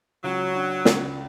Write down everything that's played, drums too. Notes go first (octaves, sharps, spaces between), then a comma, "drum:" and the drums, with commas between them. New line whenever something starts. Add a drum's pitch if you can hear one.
C#2 F#3
D4
C#2, drum: snare